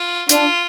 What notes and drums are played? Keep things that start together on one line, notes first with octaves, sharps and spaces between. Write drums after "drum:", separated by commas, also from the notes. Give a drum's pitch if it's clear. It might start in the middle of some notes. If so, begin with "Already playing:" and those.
Already playing: F4
D4 F4, drum: hi-hat